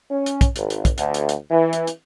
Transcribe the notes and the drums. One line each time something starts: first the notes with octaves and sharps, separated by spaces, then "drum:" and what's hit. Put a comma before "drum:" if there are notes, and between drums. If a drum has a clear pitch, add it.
C#4
drum: hi-hat
drum: kick, hi-hat
G#1, drum: hi-hat
drum: hi-hat
drum: kick, hi-hat
D2, drum: hi-hat
drum: hi-hat
drum: hi-hat
E3
drum: hi-hat
drum: hi-hat